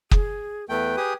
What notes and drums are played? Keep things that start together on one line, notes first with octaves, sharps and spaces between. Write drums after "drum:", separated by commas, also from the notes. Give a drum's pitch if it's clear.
G#4, drum: kick
E2 A3 B4 G5
G4 G#4 D#6